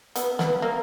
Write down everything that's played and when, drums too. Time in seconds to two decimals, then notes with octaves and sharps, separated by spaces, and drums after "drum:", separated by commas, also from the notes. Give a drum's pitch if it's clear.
0.16 B3, drum: hi-hat
0.39 B3, drum: snare
0.62 A#3